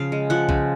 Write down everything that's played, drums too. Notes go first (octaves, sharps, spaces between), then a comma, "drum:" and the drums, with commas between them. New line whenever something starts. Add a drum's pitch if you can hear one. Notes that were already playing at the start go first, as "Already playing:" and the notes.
Already playing: C#3 F3 F5
G#3
F3 F#5
C#3, drum: kick B1